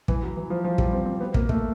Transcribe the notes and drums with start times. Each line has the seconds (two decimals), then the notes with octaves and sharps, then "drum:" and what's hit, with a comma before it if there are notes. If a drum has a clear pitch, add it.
0.08 E3, drum: kick
0.23 F#3
0.37 E3
0.50 F3
0.64 F3
0.78 G3, drum: kick
0.93 C4
1.06 C4
1.20 B3
1.34 A#3, drum: kick
1.49 A3, drum: kick